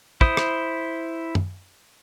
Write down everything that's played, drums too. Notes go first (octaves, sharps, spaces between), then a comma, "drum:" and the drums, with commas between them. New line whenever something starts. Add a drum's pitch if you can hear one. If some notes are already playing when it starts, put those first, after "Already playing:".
E4 C5 D#6, drum: kick
drum: rim click
drum: tom